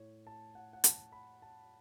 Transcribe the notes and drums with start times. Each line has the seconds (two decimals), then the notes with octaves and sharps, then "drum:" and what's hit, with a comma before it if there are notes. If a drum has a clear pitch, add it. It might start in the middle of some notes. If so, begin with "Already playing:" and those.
Already playing: A2 A3 C#5
0.27 A5
0.55 F#5
0.73 F#5
0.84 A5, drum: hi-hat
1.12 B5
1.42 A5